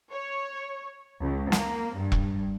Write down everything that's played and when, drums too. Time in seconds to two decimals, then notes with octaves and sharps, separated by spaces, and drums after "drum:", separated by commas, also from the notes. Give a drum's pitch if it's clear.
0.11 C#5
1.21 C#2
1.52 A#3, drum: snare
1.98 G2
2.12 drum: kick E1